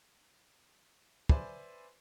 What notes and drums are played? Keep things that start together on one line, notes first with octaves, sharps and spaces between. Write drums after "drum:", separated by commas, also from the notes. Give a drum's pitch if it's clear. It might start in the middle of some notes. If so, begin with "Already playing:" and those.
B4 C5 D5 E5 G#5 C6, drum: kick